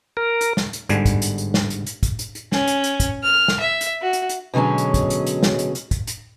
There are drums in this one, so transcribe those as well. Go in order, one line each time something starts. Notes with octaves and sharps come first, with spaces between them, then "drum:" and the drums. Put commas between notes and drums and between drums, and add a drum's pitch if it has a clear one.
A#4
drum: hi-hat
drum: snare
drum: hi-hat
G1 G#2 D3 G3 G#5, drum: hi-hat
drum: kick, hi-hat
drum: hi-hat
drum: hi-hat
drum: snare
drum: hi-hat
drum: hi-hat
drum: kick, hi-hat
drum: hi-hat
drum: hi-hat
C#4, drum: snare
drum: hi-hat
drum: hi-hat
drum: kick, hi-hat
F6
drum: snare
E5
drum: hi-hat
F#4
drum: hi-hat
drum: hi-hat
B2 D3 F#3 G#3 C#4
drum: hi-hat
drum: kick, hi-hat
drum: hi-hat
drum: hi-hat
drum: snare
drum: hi-hat
drum: hi-hat
drum: kick, hi-hat
drum: hi-hat